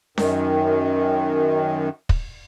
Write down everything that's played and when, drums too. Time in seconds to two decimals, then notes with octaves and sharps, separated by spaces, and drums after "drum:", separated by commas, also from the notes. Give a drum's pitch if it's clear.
0.18 F#2 D#3, drum: snare C#4
2.09 drum: kick